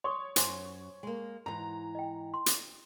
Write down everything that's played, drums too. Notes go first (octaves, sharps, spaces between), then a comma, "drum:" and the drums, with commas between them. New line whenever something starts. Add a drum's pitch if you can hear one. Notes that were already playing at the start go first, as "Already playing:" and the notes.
C#5 C6 C#6 D#6
F#2 C5 G#5 C6, drum: hi-hat
G#3 A#3
G#2 E3 A#5
D#5 G5
C6
drum: hi-hat